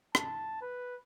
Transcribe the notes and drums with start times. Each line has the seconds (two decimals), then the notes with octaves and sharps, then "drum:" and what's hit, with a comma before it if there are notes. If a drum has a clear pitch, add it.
0.15 A5, drum: rim click
0.61 B4